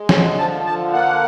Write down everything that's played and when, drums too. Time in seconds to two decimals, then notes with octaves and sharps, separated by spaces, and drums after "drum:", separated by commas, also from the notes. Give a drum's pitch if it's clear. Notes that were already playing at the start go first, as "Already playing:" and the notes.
Already playing: G#3
0.09 D3, drum: snare
0.37 F3 A5
0.66 D3 A5
0.93 A#3 F#5